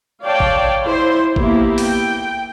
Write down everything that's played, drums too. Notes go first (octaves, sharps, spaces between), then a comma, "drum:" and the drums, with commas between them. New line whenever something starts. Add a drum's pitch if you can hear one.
C#5 D5 F5 G5 A5
drum: kick G#1
E4 C5 C6
A#3 B3 E4 G4, drum: kick G#1
G5, drum: open hi-hat